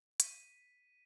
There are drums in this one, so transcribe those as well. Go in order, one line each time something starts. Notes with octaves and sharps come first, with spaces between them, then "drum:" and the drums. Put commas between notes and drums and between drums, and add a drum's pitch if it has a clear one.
B6 D#7, drum: hi-hat